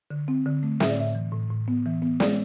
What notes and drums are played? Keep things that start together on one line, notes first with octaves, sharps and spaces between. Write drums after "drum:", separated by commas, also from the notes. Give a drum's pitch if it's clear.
D3
C4
D3
A3
A2 E5, drum: snare
D5
A2 E5
E3
A2
A2
B3
E3
B3
G#3 D5, drum: snare